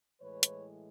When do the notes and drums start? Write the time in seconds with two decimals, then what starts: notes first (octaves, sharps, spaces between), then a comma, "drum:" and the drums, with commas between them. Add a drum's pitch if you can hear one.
0.21 A2 E3 G#3 B4 C#5
0.43 drum: hi-hat